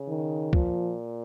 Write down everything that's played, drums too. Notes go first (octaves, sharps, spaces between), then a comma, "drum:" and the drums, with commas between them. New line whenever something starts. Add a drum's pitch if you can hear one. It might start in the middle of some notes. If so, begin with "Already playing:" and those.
Already playing: C#3
D#3
A#2 F3, drum: kick